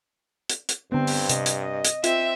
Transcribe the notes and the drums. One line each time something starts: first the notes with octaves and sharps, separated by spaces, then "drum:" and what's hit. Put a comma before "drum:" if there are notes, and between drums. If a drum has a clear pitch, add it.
drum: hi-hat
drum: hi-hat
G2 D3 B3 C4
drum: open hi-hat
C3 D#5, drum: hi-hat
drum: hi-hat
D#5
drum: hi-hat
C4 F4 E5, drum: hi-hat